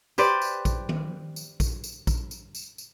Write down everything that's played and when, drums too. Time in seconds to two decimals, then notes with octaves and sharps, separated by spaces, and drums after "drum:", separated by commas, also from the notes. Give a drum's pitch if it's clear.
0.18 G4 B4 C5 D5, drum: tambourine
0.42 drum: tambourine
0.65 drum: kick A#1, tambourine
0.89 drum: tom D#3
1.36 drum: tambourine
1.60 drum: kick A#1, tambourine
1.84 drum: tambourine
2.07 drum: kick A#1, tambourine
2.31 drum: tambourine
2.55 drum: tambourine
2.78 drum: tambourine